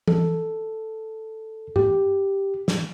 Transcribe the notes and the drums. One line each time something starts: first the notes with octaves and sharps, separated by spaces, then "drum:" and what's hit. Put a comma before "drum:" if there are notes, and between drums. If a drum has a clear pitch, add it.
A4, drum: tom E3
G4, drum: tom G2
drum: snare